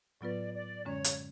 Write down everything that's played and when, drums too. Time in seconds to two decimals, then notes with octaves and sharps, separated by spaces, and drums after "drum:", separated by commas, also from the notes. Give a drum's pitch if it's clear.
0.21 A2 F#3 B3 F4 B4 D5
0.53 D5
0.85 F#2 D3 G#3 C#4 C#5
1.04 drum: hi-hat